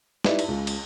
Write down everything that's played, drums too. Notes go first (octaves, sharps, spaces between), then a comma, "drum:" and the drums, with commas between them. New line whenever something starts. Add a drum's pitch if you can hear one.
D#4 E4 G4 B4 D5 E5, drum: snare
drum: cymbal
C#2
drum: cymbal